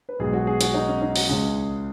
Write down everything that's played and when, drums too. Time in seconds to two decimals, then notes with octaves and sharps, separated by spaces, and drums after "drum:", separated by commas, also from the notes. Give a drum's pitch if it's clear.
0.09 B4
0.19 B1 B2 G#3 G#4
0.33 F#4
0.47 G#4
0.61 F#4, drum: hi-hat
0.74 D#4
0.88 C#4
1.02 D#4
1.16 F#4, drum: open hi-hat
1.28 C#2 C#3 G#3 G#4